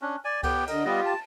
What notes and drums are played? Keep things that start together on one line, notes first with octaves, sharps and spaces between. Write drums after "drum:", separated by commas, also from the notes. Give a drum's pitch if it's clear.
C#4 D4
D5 G#5
B3 G4 G5, drum: kick C#2, cymbal
D3 A#4 D#5, drum: cymbal
G3 B3 F4 G4 D#5
A5